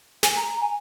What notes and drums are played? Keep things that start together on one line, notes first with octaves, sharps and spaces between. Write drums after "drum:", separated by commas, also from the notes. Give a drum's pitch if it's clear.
G#5, drum: snare
A#5
A#5
G#5